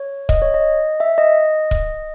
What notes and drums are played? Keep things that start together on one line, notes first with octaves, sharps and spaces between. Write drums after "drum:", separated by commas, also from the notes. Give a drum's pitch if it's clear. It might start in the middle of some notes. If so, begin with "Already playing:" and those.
Already playing: C#5
D#5, drum: kick
C#5
D#5
E5
D#5
drum: kick